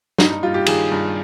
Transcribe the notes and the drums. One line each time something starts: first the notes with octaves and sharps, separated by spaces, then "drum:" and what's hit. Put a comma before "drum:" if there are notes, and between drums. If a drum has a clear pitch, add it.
G2 D#4, drum: snare
D#4
G3 F4
G4
D#3 G#4, drum: cymbal
G2